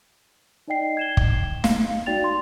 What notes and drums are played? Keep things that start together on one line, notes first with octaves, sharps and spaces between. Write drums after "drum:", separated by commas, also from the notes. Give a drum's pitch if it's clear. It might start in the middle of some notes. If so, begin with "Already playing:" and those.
D#4 D5 D#5 G5 C7
G#6 E7 G7
drum: kick
F5, drum: snare
D#4 F#4 D5 G5 A6 F7
C6